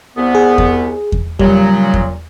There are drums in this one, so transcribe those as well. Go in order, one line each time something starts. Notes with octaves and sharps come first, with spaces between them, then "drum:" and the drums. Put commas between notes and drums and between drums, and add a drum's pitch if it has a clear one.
C2 B3
G#4
drum: kick E2
drum: kick E2
A#2 C#3 F#3 G3, drum: kick E2
drum: kick E2